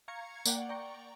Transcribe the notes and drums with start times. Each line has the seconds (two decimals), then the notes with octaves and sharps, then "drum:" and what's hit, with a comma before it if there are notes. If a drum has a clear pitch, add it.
0.08 F5 A#5 C#6 G#6 C#7
0.45 A#3 D5 F#5 G5, drum: tambourine
0.69 D5 G5 A#5 C#6